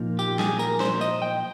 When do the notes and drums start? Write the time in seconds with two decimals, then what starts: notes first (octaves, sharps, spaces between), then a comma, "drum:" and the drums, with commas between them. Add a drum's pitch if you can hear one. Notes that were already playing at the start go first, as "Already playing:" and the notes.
Already playing: A#2 F3 A#3 D#4
0.19 G4, drum: tambourine
0.39 G#4, drum: snare
0.59 A#4, drum: tambourine
0.80 C5, drum: snare
1.01 D#5, drum: tambourine
1.22 G5